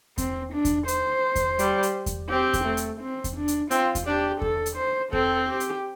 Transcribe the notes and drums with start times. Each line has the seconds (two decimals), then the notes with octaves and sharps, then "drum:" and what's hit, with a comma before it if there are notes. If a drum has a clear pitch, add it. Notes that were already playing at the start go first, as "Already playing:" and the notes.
0.18 C4, drum: kick E2, hi-hat
0.53 D4
0.65 drum: kick E2, hi-hat
0.88 C5, drum: hi-hat
1.36 drum: kick E2, hi-hat
1.59 G3, drum: hi-hat
1.83 drum: hi-hat
2.06 drum: kick E2, hi-hat
2.29 C4 G4
2.53 drum: kick E2, hi-hat
2.65 A3
2.77 drum: hi-hat
3.01 C4
3.24 drum: kick E2, hi-hat
3.37 D4
3.48 drum: hi-hat
3.71 C4 F4, drum: hi-hat
3.95 drum: kick E2, hi-hat
4.07 D4 G4
4.42 A4, drum: kick E2
4.66 drum: hi-hat
4.77 C5
5.13 C4 A4, drum: kick E2
5.49 G4
5.60 drum: hi-hat